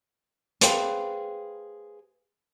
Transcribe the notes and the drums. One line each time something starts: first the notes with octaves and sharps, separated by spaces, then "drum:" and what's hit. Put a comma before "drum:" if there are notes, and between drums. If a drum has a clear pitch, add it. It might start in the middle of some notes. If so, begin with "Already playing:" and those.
G#4 B4 C5 F5 G5, drum: hi-hat